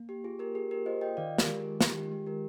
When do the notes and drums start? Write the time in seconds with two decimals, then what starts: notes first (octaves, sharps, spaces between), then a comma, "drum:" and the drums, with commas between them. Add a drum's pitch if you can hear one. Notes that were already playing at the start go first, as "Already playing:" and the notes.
Already playing: A#3
0.09 G4
0.24 F4 G#4
0.39 G4 A#4
0.55 G4 G#4
0.71 G4 A#4
0.86 F4 C5 D#5
1.01 D#5 G5
1.17 D#3 D5 F5
1.38 G4 A#4, drum: snare
1.48 G#3
1.60 G#4
1.81 D#3 G4, drum: snare
1.96 G4
2.11 G#3 G4
2.26 G4 A#4